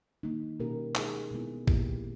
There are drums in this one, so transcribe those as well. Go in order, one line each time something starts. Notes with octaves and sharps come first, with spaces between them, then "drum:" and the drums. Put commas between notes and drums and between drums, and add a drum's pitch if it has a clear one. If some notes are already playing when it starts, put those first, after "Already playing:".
D#3 A#3 D#4
B2 A#3 C#4 G4 A#4
G#3 D#4 G#4, drum: clap
B2 G#3 B3 E4
A#2 A#3 E4 G4, drum: kick A1